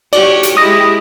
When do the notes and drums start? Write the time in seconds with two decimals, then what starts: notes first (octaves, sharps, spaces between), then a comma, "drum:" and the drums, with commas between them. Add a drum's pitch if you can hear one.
0.13 F#4 G4 C#5 D5, drum: cymbal
0.43 drum: hi-hat
0.57 G#3 E4 G4 D#6 A#6